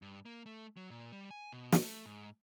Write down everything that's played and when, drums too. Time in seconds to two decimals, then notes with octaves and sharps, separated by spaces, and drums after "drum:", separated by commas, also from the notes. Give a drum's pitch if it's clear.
0.02 G2
0.25 A#3
0.46 A3
0.77 F#3
0.90 A#2
1.12 G3
1.31 G#5
1.52 B2
1.72 drum: snare
1.82 A3
2.06 G#2